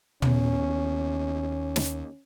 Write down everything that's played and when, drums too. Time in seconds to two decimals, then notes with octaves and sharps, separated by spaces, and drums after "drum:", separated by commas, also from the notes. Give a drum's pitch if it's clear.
0.22 D#2 B3 C#4, drum: tom
1.76 drum: snare